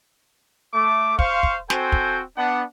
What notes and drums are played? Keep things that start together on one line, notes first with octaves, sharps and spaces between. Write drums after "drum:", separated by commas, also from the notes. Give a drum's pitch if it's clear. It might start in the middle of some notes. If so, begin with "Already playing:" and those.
A3 D6
C5 F5 C#6, drum: kick
drum: kick
C4 F#4 A4 C5 G5 G#5, drum: snare
drum: kick
B3 D4 F#5